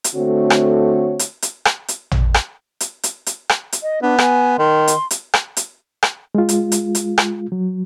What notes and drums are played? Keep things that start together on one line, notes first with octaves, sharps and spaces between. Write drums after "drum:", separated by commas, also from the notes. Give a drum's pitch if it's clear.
drum: hi-hat
D3 A3 C4 F#4 C#5
drum: rim click
drum: hi-hat
drum: hi-hat
drum: rim click
drum: hi-hat
drum: tom
drum: rim click
drum: hi-hat
drum: hi-hat
drum: hi-hat
drum: rim click
drum: hi-hat
D#5
B3 D4
G#5, drum: rim click
D#3 C6
drum: hi-hat
drum: hi-hat
drum: rim click
drum: hi-hat
drum: rim click
G#3 F4
drum: hi-hat
drum: hi-hat
drum: hi-hat
drum: rim click
F#3